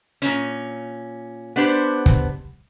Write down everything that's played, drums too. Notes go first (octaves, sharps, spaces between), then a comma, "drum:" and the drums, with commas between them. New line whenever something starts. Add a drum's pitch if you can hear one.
A#2 C#4, drum: hi-hat
B3 D4 G4 C5
drum: kick